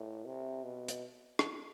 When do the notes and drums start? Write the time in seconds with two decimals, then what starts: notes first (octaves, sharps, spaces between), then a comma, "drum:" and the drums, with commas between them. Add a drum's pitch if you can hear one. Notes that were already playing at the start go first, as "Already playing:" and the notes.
Already playing: A2
0.25 C3
0.63 B2
0.88 drum: hi-hat
1.39 drum: rim click